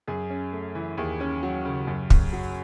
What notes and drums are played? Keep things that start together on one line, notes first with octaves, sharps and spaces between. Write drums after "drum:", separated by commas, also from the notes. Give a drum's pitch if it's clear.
F#2 G#4
C#4
A3
E3
D#2 G#4
C#4
F#3
C#3
F#2
F#2, drum: kick
F#3